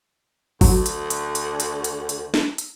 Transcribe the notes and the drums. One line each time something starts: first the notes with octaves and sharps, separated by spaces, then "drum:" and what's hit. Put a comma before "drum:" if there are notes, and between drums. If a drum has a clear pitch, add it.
D2 F#3, drum: kick, open hi-hat
drum: hi-hat
drum: hi-hat
drum: hi-hat
drum: hi-hat
drum: hi-hat
drum: hi-hat
drum: snare
drum: hi-hat